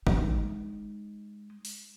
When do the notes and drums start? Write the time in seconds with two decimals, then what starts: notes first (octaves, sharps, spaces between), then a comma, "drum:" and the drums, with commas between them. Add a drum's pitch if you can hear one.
0.07 G#3 D#4, drum: kick
1.65 drum: open hi-hat